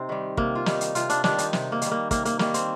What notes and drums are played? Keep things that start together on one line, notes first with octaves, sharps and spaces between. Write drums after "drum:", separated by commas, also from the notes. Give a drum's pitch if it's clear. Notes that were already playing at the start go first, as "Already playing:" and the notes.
Already playing: C3 C4 D#4
D#3 G3
C3 A#3, drum: kick
F4
D#3 G3 D#4, drum: snare
drum: hi-hat
C3 F4, drum: hi-hat
D4, drum: hi-hat
D#3 G3 D4, drum: snare
D#4, drum: hi-hat
C3, drum: snare
A#3
D#3 G3, drum: hi-hat
A#3
C3 A#3, drum: kick, hi-hat
A#3, drum: hi-hat
D#3 G3 A#3, drum: snare
C4, drum: hi-hat